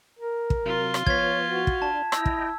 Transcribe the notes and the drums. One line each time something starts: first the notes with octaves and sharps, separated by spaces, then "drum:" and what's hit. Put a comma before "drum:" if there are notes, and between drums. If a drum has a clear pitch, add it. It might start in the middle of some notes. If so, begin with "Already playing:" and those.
A#4
drum: kick
C3 F#3 F4
drum: rim click
F3 B3 C#5 G#6 B6, drum: kick
F#4
drum: kick
D4 A5
E4 D#5 G5 A#5 E6, drum: rim click
drum: kick